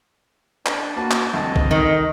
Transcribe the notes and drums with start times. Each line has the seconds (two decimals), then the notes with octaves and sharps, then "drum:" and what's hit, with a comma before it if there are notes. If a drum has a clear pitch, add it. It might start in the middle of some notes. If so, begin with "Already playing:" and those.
0.66 D4, drum: clap
0.96 A#3 F#4 B4 A5
1.11 drum: clap
1.33 C2 D3 D#5 A5
1.56 drum: kick
1.71 D#3